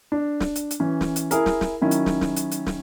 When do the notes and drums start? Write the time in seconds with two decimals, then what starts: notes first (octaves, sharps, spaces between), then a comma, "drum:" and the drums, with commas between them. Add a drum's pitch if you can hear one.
0.12 D4
0.40 drum: snare
0.55 drum: hi-hat
0.71 drum: hi-hat
0.80 E3 C#4
1.01 drum: snare
1.16 drum: hi-hat
1.31 E4 G#4 A#4, drum: hi-hat
1.46 drum: snare
1.61 drum: snare
1.81 D#3 F#3 C#4 E4
1.91 drum: hi-hat
2.06 drum: snare
2.21 drum: snare
2.36 drum: hi-hat
2.51 drum: hi-hat
2.66 drum: snare